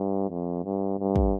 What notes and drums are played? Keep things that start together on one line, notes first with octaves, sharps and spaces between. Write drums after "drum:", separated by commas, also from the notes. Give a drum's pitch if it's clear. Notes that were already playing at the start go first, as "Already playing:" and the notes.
Already playing: G2
F2
G2
G2
drum: kick